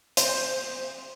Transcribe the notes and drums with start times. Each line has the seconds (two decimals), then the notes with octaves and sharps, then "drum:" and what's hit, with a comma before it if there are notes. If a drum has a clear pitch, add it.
0.17 C5, drum: hi-hat